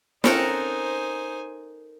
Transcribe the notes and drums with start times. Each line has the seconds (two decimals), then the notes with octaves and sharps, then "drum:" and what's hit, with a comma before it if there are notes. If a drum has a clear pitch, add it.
0.24 C4 C#4 D#4 A4 A#4 C5 F#5 G#5, drum: snare